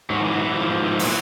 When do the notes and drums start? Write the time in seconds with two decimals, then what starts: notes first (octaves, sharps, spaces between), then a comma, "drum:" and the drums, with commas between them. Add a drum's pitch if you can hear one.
0.10 G#2 F#3
0.21 F3
0.25 E3
0.31 F#3
0.39 E3
0.54 G#2 F3
0.69 G#2
0.84 E3
0.99 A#2 F#3, drum: open hi-hat